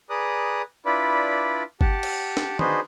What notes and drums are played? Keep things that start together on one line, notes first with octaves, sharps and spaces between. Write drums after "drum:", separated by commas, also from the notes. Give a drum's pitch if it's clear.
G#4 B4 D5 A#5 D#6 F#6
D4 E4 F4 B4 D5 B5
G4 F#5 A5, drum: kick G1
drum: cymbal
drum: snare
D4 D#4 F#4 G#4 B4 C5, drum: tom D#3